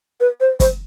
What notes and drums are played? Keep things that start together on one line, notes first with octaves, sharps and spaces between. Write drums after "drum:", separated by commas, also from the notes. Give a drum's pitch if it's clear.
B4
C5
C5, drum: kick, hi-hat